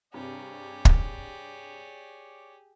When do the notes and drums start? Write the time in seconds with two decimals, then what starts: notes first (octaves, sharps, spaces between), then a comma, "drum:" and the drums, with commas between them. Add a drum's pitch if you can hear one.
0.14 G2 C3 G4 G#4 C#5 D5
0.85 drum: kick